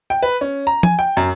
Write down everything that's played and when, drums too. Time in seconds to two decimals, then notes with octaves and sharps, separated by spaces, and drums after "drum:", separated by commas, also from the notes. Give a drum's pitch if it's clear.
0.10 G5
0.23 B4
0.41 C#4
0.67 A#5
0.83 G#5, drum: tom F3
0.99 G5
1.17 F#2